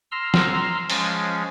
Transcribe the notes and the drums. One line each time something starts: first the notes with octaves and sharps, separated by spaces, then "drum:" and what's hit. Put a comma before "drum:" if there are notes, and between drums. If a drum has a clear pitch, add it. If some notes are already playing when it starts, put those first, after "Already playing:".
A#5 C6 E6 F6
drum: snare
F3 G#3 C#4, drum: open hi-hat